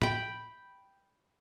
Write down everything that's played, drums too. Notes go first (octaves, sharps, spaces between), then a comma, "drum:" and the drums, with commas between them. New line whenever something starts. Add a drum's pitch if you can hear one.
G5 B5, drum: tom